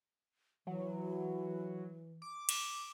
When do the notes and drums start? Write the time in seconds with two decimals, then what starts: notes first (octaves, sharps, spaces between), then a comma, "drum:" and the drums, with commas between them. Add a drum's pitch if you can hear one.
0.67 E3 F#3
2.22 D6
2.49 drum: cymbal